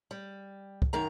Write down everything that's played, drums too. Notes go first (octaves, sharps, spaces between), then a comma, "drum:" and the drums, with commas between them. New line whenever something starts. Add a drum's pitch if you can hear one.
G3
drum: kick
F#2 D#3 A#5